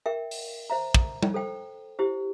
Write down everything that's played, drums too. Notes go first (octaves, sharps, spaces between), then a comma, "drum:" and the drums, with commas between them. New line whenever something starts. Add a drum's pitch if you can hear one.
A#4 E5 G5
drum: open hi-hat
C5 E5 A#5
drum: kick
drum: tom G3
A4 C5 G5
E4 G4 C5